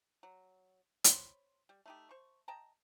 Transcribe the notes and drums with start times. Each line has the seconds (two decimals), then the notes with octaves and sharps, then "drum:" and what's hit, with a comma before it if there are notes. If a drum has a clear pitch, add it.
0.23 F#3
1.04 C5 C#5 B5 C6, drum: hi-hat
1.69 G3
1.86 A3 D#4 G4
2.11 C5 C#6
2.48 D#5 G5 A5 A#5